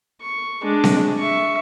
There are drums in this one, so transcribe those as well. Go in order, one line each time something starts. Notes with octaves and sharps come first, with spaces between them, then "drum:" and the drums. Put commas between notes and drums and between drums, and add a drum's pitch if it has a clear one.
C#6
G#3 D4
drum: snare C4
E5 C#6